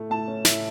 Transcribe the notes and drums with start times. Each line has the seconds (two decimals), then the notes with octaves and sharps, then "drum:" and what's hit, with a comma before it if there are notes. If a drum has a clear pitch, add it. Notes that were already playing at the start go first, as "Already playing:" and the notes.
Already playing: A2 A3
0.10 A2 A5
0.27 C#4
0.45 A2 E5, drum: snare